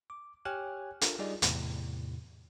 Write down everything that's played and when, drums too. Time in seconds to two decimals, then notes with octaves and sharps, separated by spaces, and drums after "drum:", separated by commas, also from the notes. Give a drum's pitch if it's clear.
0.10 D6
0.45 G4 C#5 G5 G#5 F6 F#6
1.01 D4 F4 A4 A#4, drum: hi-hat
1.19 G3 D#4 F4 G#4 D5 D#5
1.42 E2 A2 C3, drum: hi-hat